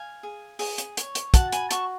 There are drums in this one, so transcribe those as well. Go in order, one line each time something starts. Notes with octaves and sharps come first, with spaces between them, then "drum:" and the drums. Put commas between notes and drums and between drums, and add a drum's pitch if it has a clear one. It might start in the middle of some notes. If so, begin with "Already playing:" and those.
Already playing: F5 G#5
G#4
G#4, drum: open hi-hat
drum: hi-hat
C#5, drum: hi-hat
drum: hi-hat
F#4 F#5 A5, drum: kick, hi-hat
G#5 B5, drum: hi-hat
F#4 A5 C#6, drum: hi-hat